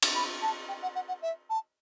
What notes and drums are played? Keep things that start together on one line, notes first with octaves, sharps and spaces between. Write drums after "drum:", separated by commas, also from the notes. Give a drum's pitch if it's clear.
drum: cymbal
B5
A5
G5
F#5
F#5
F#5
E5
A5